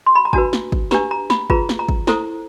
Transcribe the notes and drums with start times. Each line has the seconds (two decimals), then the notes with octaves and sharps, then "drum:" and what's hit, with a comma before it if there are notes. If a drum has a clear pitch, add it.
0.06 C6
0.15 B5
0.25 A#5
0.33 D4 F#4 B4 A5, drum: kick
0.53 drum: snare
0.72 drum: kick
0.91 D4 G4 B4 A#5, drum: snare
1.11 A#5
1.30 B5, drum: snare
1.50 F4 G#4 B4 A#5, drum: kick
1.69 drum: snare
1.79 A#5
1.89 drum: kick
2.07 E4 A4 C5 A#5, drum: snare